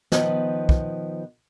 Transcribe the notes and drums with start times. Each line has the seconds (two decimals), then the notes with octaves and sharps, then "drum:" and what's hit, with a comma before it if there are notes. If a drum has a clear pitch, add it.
0.12 D#3 F3 B3, drum: snare
0.69 drum: kick